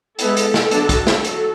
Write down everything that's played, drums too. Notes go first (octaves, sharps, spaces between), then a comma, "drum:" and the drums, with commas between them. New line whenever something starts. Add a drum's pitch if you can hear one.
G#3 B3 E4 A4, drum: hi-hat
drum: hi-hat
drum: snare
D3 F#3 B3 D4, drum: hi-hat
drum: kick, hi-hat
drum: snare
F#3 A4, drum: hi-hat